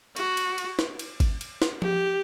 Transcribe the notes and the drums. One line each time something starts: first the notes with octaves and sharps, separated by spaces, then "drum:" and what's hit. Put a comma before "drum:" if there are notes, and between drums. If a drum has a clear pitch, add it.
F#4, drum: cymbal
drum: cymbal
drum: cymbal
drum: snare
drum: cymbal
drum: kick G#1, cymbal
drum: cymbal
drum: snare
G4, drum: tom F3